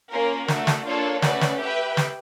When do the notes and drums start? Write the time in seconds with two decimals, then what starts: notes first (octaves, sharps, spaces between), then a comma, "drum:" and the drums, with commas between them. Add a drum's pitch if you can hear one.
0.11 A#3 C#4 F4 A#4
0.48 A3 D4 F#4, drum: snare
0.67 drum: snare
0.85 A#3 D4 F4 A4 C#5
1.22 A3 C#4 F#4 B4 D5, drum: snare
1.41 drum: snare
1.59 G4 B4 E5 G5
1.97 drum: snare